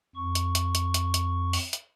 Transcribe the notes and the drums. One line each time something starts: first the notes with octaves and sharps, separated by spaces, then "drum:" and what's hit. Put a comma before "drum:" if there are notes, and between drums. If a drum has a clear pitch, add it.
F2 C#6
drum: hi-hat
drum: hi-hat
drum: hi-hat
drum: hi-hat
drum: hi-hat
drum: open hi-hat
drum: hi-hat